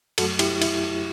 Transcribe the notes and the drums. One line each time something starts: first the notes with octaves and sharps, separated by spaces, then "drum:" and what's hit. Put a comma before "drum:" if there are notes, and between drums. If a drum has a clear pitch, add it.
F#2 F#3 A3 F#4 A4, drum: cymbal
E4 G4, drum: cymbal
E4, drum: cymbal